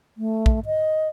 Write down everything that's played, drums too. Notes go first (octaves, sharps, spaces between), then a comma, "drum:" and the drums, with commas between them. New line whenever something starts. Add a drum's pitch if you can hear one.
A3
drum: kick
D#5